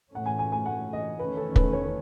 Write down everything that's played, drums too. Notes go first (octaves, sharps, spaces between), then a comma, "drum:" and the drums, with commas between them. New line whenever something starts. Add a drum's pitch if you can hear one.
A2 E3 A3 C#4 F#5
G#5
G#5
G#5
F#5
D#5
E2 D#3 A3 C#4 B4
A4
B4, drum: kick
C#5
B4